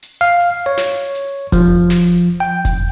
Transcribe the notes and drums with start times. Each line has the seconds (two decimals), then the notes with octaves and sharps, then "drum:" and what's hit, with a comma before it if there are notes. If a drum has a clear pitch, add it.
0.02 drum: hi-hat
0.21 F5
0.40 drum: open hi-hat
0.66 C#5
0.77 drum: snare
1.15 drum: hi-hat
1.52 F3, drum: kick F1, hi-hat
1.90 drum: snare
2.40 G5
2.65 drum: kick F1, hi-hat